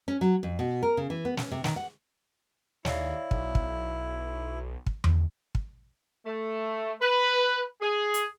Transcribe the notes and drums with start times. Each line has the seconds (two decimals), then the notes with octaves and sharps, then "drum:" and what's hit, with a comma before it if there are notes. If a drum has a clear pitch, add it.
0.08 C#4
0.21 F#3
0.43 F2
0.59 B2
0.83 A#4
0.97 C#3
1.10 E3
1.25 B3
1.37 C#4, drum: snare
1.51 C3
1.64 D#3, drum: snare
1.76 F#5
2.85 D#2 E4 C#5 D5 F5, drum: snare
3.31 B1, drum: kick
3.55 drum: kick
4.86 drum: kick
5.04 drum: tom E2
5.55 drum: kick
6.26 A3
7.01 B4
7.82 G#4
8.14 drum: hi-hat